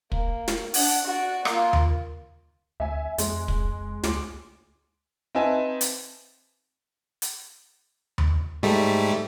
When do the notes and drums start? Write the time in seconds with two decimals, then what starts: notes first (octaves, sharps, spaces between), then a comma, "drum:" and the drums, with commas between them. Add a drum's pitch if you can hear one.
0.12 A#3, drum: kick
0.48 drum: snare
0.74 D4 F#5, drum: open hi-hat
1.04 F#4 D5
1.45 A#3 F4, drum: rim click
1.73 drum: tom D#2
2.80 D2 E5 G#5
3.18 F2 G#3, drum: hi-hat
3.48 drum: kick
4.03 D2 G#3 D6, drum: snare
5.35 C4 D#4 B4 E5 G#5 A5
5.81 drum: hi-hat
7.22 drum: hi-hat
8.18 drum: tom D#2
8.63 G#2 G3 A3